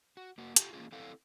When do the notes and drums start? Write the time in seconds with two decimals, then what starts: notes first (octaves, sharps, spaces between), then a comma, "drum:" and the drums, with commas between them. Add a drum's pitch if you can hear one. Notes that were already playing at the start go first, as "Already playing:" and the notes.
0.17 F#4
0.38 A#3 F#4
0.56 F4 G4, drum: hi-hat
0.73 A#3 C#4 D#4 F4 G#4
0.92 A3 C4 E4 F#4 A4 F5